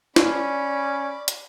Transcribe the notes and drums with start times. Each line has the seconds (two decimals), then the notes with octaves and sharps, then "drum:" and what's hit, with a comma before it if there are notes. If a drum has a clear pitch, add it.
0.16 C#4 D5 B5, drum: snare
1.28 drum: hi-hat